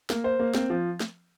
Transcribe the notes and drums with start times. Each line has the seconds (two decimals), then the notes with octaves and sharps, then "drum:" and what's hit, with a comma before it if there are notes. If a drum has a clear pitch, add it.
0.10 A#3, drum: snare
0.24 C5
0.39 A#3
0.54 C4, drum: snare
0.70 F3
1.00 drum: snare